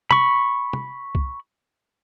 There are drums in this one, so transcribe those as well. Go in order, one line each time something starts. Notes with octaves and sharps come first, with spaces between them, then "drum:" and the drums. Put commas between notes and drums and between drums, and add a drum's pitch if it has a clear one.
B5 C#6, drum: tom
drum: tom
drum: kick C2